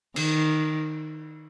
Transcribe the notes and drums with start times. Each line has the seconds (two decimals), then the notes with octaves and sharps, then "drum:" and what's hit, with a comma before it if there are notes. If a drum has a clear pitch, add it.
0.16 D#3, drum: cymbal